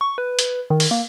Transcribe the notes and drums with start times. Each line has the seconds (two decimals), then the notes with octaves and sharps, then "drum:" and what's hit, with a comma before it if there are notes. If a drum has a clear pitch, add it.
0.01 C#6
0.18 B4
0.39 drum: hi-hat
0.70 D#3
0.80 drum: open hi-hat
0.91 A#3